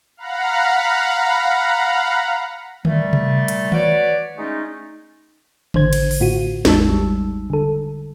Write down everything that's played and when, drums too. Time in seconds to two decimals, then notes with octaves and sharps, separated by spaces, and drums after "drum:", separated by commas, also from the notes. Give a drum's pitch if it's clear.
0.17 F5 F#5 A#5 B5
2.85 A#2 G3 A3, drum: tom D3
3.13 drum: tom C3
3.48 drum: hi-hat
3.72 F#4 B4 C#5 D5, drum: tom D#3
4.37 G#3 A3 C#4 D#4
5.74 A1 D3 C5 G#6, drum: tom D3
5.93 drum: cymbal
6.11 drum: open hi-hat
6.20 A2 F4 F#4 D#7
6.65 A1 E2 G#3 D#4 A5 E6, drum: snare
6.90 G3
7.50 D3 A4